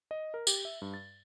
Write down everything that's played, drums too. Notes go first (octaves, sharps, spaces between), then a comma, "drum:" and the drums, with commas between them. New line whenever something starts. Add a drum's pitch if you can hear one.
D#5
A#4
G4, drum: tambourine
E5
G2
A6